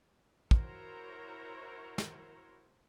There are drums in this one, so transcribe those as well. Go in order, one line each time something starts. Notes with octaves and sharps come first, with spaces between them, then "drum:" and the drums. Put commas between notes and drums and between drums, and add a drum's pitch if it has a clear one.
E4 F#4 A#4 C5 C#5 A#5, drum: kick
drum: snare